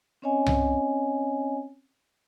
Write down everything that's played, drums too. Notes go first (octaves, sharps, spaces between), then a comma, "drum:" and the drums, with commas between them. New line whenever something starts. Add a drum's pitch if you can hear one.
C4 C#4 C#5 D#5 G#5
drum: tom C2